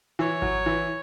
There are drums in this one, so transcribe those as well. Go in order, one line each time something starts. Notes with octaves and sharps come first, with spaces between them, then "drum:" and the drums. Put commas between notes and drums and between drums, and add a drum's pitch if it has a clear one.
E3 C#5
F#3, drum: kick G#1
E3